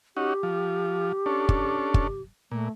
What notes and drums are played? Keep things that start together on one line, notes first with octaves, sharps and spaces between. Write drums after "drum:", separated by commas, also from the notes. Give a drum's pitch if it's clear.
C#4 D#4 F#4 G4
F3
C#4 D4 A4
drum: kick
drum: kick
A#2 A3